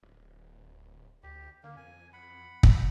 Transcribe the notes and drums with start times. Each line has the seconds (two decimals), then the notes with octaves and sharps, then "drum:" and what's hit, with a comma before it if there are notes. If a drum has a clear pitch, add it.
0.03 D1
1.23 D2 G4
1.64 D3 A#3
1.77 F2 G#5
2.13 F#5 B5
2.63 drum: kick